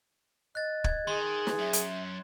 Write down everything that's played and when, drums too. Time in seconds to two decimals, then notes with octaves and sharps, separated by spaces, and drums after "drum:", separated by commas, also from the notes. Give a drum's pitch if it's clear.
0.55 D#5 F#6 A6
0.84 G#6, drum: kick
1.07 D#3 G#4 C6
1.47 drum: snare
1.58 F#2 E5
1.73 drum: hi-hat